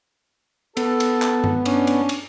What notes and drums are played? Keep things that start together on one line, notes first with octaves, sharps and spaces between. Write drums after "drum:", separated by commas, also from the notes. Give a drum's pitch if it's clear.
B3 A4, drum: cymbal
drum: cymbal
drum: clap
drum: tom G2
C#4 D4, drum: cymbal
drum: cymbal
drum: cymbal